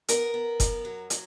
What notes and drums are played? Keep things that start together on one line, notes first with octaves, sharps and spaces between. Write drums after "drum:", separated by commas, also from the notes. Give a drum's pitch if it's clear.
B3 A#4, drum: hi-hat
B3
F#2, drum: kick F#1, hi-hat
F#3
F#3, drum: hi-hat